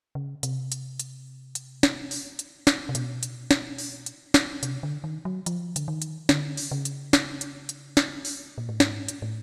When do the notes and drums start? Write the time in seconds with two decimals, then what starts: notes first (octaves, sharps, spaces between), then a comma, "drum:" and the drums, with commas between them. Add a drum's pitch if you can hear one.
0.15 C#3
0.43 C3, drum: hi-hat
0.72 drum: hi-hat
0.99 drum: hi-hat
1.55 drum: hi-hat
1.83 drum: snare
2.11 drum: open hi-hat
2.39 drum: hi-hat
2.67 drum: snare
2.89 C3
2.95 B2, drum: hi-hat
3.23 drum: hi-hat
3.51 drum: snare
3.78 drum: open hi-hat
4.06 drum: hi-hat
4.34 drum: snare
4.63 C3, drum: hi-hat
4.83 D3
5.04 D#3
5.25 F#3
5.46 F3, drum: hi-hat
5.76 D3, drum: hi-hat
5.88 D#3
6.02 drum: hi-hat
6.29 D3, drum: snare
6.57 drum: open hi-hat
6.71 C#3
6.85 drum: hi-hat
7.13 drum: snare
7.41 drum: hi-hat
7.69 drum: hi-hat
7.97 drum: snare
8.25 drum: open hi-hat
8.58 A#2
8.69 A2
8.80 G#2, drum: snare
9.08 drum: hi-hat
9.22 A2